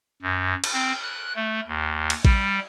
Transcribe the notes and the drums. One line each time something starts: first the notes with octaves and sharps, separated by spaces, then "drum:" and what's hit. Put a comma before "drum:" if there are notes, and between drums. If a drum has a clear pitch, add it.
F#2
drum: cymbal
C4
F#6
A3
D#2
drum: cymbal
G3, drum: kick A1